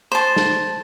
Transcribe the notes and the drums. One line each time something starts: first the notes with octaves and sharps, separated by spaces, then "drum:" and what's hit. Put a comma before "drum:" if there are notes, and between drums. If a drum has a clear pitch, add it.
C5 A5
drum: snare